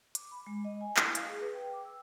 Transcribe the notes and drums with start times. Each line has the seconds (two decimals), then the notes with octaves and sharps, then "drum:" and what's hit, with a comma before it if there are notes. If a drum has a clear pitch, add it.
0.15 D6, drum: hi-hat
0.31 B5
0.47 G#3
0.64 D#5
0.81 G#5
0.97 E4, drum: clap
1.15 F5, drum: hi-hat
1.28 G#4
1.41 B4
1.54 G5
1.73 D6
1.85 E6